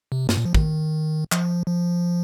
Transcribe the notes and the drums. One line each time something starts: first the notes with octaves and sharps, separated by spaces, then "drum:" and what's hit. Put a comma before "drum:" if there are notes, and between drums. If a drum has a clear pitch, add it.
C3
G2, drum: snare
A#2
F3
D#3, drum: kick
F3, drum: clap
F3